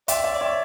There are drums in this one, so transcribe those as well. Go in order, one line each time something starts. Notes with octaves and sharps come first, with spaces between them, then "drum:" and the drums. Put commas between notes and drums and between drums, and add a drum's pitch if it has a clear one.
D5 E5 G5, drum: hi-hat
C#5 E5
D5
C#5 E5